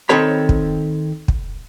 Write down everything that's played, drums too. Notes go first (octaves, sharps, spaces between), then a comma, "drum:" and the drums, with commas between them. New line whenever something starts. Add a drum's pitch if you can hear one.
D#3 C4 A4 C#5 B5
drum: kick
drum: kick